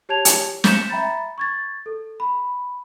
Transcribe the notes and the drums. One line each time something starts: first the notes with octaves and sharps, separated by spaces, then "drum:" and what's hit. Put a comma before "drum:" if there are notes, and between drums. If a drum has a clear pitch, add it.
G4 C#5 A5 G#6 F7
drum: hi-hat
G6 B6 C#7 E7, drum: snare
E5 G5 A#5 B5 A6
C#6 G#6 A6
A4
B5